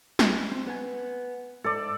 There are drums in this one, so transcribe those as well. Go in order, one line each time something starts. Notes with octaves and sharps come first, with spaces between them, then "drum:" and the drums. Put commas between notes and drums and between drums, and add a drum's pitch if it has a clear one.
drum: snare
C4
B3 G#5
G#2 A4 D5